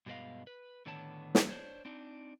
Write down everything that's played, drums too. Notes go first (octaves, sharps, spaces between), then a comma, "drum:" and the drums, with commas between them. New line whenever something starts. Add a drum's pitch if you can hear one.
G2 B2 G#3 B3 D#5 F5
B4
A2 D3 D#3 B3 C#5 A5
drum: snare
D4 C5 C#5
C4 D4 D#4